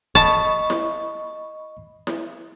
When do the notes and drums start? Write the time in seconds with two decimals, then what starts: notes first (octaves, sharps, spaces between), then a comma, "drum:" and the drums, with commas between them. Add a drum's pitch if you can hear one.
0.15 D#5 A5 B5 C#6, drum: kick
0.70 drum: snare E4
2.07 drum: snare E4